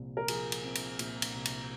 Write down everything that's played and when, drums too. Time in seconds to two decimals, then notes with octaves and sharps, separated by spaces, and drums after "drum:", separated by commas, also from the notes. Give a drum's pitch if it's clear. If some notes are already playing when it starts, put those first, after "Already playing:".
Already playing: C2 A#2 F3 C4
0.17 A#4
0.28 F3 G#4, drum: cymbal
0.52 drum: cymbal
0.64 C4
0.75 drum: cymbal
0.99 A#2, drum: cymbal
1.22 drum: cymbal
1.34 C2
1.45 drum: cymbal